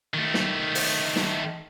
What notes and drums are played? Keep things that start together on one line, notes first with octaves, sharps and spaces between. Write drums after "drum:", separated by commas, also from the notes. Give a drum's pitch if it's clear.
D#3 A3
drum: snare
drum: open hi-hat
drum: snare